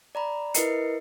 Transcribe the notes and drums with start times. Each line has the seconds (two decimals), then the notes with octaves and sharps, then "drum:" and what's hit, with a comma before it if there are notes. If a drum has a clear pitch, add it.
0.15 D5 A#5 B5
0.54 E4 A#4 B4 D#5 C7 C#7, drum: hi-hat